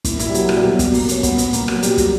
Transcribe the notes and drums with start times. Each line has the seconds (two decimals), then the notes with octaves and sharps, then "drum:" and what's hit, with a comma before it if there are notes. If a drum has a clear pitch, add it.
0.04 A#2 E4, drum: kick, hi-hat
0.19 A#2 E4, drum: hi-hat
0.29 G3
0.34 A#2 F#3, drum: hi-hat
0.49 A#2, drum: rim click
0.56 G3
0.64 B2 F#3
0.79 B2, drum: kick, hi-hat
0.94 B2 A#3, drum: open hi-hat
1.09 B2 C#4, drum: hi-hat
1.23 A#2 B3, drum: kick, hi-hat
1.38 A#2, drum: hi-hat
1.53 A#2 A#3, drum: hi-hat
1.68 A#2 F#3, drum: rim click
1.83 A#2 G3, drum: hi-hat
1.98 A#2 F#3, drum: kick, hi-hat